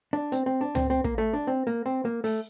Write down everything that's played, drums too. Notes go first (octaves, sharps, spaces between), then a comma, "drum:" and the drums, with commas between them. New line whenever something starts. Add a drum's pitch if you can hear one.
D4
C4, drum: hi-hat
C4
D4
C4, drum: tom C#2
C4
A#3, drum: kick
A3
D4
C4
A#3
C4
A#3
A3, drum: open hi-hat